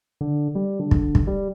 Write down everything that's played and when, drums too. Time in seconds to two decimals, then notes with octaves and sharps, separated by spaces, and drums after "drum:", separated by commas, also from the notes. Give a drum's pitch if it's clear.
0.21 D3
0.55 G3
0.80 D3
0.91 drum: kick
1.15 drum: kick
1.27 G3